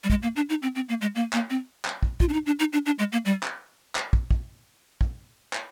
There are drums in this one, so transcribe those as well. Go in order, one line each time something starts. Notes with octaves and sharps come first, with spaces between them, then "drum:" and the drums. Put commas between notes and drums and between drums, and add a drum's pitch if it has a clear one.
G3
G#3, drum: kick
A#3
D4
D#4
C4
C4
A#3
G#3
A#3
A#3, drum: clap
C4
drum: clap
drum: kick
F4, drum: kick
D4
D#4
D4
D#4
D4
D4
G#3
A#3
G3
drum: clap
drum: clap
drum: kick
drum: kick
drum: kick
drum: clap